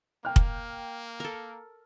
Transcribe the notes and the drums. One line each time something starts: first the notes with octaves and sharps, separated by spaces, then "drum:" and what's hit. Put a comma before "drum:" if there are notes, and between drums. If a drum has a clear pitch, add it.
A#3 G5 F6
drum: kick
A4 A#4